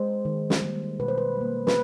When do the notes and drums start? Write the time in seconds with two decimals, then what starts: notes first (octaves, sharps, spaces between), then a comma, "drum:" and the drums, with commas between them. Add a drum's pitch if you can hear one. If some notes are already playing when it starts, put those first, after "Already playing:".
Already playing: G#3 C5
0.25 D#3
0.50 drum: snare
0.62 G3 A#3
0.99 B2 B4
1.08 C5
1.18 B4
1.37 G3 A#3
1.67 B4, drum: snare